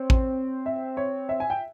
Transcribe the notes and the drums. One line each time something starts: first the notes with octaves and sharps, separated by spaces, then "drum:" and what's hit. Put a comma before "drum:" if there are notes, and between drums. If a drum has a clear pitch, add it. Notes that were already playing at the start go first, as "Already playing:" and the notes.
Already playing: C4 C#5
drum: kick
E5
C#5
E5
G#5
G5